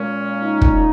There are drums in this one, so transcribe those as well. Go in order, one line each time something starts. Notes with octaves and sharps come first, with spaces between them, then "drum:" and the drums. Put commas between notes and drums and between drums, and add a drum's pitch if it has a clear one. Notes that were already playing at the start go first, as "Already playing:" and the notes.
Already playing: A#2 G#3 C#4
D#4
drum: kick